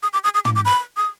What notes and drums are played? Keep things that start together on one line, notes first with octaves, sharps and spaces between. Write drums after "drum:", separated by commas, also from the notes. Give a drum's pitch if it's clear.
D#6
D6
D#6
D#6
D6, drum: tom
D6
B5
D#6